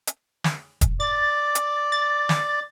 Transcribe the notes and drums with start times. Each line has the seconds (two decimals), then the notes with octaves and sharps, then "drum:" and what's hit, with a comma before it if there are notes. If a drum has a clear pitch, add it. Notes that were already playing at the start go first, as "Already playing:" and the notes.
0.07 drum: hi-hat
0.44 drum: snare
0.81 drum: kick E1, hi-hat
1.00 D5 A6
1.55 drum: hi-hat
1.92 A6
2.29 drum: snare